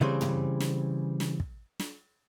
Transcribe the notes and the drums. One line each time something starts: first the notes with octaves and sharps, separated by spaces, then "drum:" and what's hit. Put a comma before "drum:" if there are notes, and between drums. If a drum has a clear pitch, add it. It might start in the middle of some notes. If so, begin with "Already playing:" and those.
C#3 E3 G3 C4 G#4 C5
drum: tom
drum: snare
drum: snare
drum: kick
drum: snare